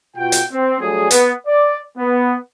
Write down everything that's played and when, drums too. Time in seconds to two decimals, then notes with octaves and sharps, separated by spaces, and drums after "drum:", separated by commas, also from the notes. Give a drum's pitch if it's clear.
0.17 B2 F4 F#4 G5
0.32 drum: hi-hat
0.52 C4
0.81 F#3 G3 A3 D4 G#4
1.11 B3, drum: hi-hat
1.46 D5
1.98 B3